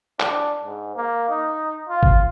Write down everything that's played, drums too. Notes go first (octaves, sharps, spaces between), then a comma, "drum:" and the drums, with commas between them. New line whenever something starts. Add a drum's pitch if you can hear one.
D4, drum: clap
G#2
A#3
D#4
F4
drum: kick G1